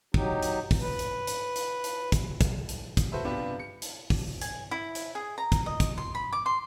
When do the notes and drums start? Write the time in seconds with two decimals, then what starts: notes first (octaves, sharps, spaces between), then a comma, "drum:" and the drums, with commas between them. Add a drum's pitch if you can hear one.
0.14 F#3 D#4 G4, drum: kick
0.43 drum: hi-hat
0.71 drum: kick, open hi-hat
0.81 B4
0.99 drum: hi-hat
1.27 drum: hi-hat
1.56 drum: hi-hat
1.84 drum: hi-hat
2.12 drum: kick, hi-hat
2.41 drum: kick, hi-hat
2.69 drum: hi-hat
2.97 drum: kick, hi-hat
3.12 F#4 A4 B4 C5 E5
3.24 C3 B3 D4 F4 G4 B4
3.59 C#7
3.82 drum: hi-hat
4.10 drum: kick, open hi-hat
4.42 G#5, drum: hi-hat
4.71 E4
4.95 drum: hi-hat
5.15 G#4
5.38 A#5
5.52 drum: kick, hi-hat
5.66 D#5
5.80 drum: kick, hi-hat
5.98 C6
6.15 B5
6.33 D6
6.46 C6